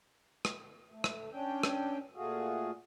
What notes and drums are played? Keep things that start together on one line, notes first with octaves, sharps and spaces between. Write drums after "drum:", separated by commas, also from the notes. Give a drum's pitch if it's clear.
drum: rim click
A3
drum: rim click
C#4 D4 G5
drum: rim click
A#2 A3 F4 F#4 G#4